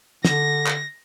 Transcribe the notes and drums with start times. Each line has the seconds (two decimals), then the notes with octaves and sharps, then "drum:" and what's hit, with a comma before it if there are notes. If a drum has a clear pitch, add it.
0.25 D3 A#6, drum: snare
0.66 drum: clap